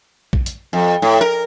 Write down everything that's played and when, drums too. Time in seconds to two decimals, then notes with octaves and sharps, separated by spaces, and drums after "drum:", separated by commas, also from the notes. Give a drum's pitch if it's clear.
0.33 drum: kick A#1
0.46 drum: hi-hat
0.73 F2
1.02 A2
1.21 A#4